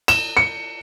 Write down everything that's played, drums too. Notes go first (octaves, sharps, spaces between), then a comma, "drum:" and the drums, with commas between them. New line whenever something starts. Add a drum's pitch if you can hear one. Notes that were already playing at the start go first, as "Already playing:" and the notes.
E7, drum: cymbal
C#7